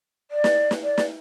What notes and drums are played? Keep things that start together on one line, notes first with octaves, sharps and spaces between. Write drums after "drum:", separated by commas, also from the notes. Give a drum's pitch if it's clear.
D5
drum: snare
drum: snare
D5
drum: snare